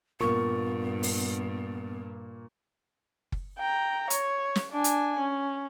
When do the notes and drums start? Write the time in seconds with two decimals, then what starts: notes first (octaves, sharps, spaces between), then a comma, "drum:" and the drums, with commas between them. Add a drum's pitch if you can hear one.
0.20 G2 A#2 A#3 B3 C#6
1.03 drum: open hi-hat
3.32 drum: kick F#1
3.59 G5 A#5
4.10 C#5, drum: hi-hat
4.55 drum: snare
4.72 D4 G#5
4.84 drum: hi-hat
5.19 C#4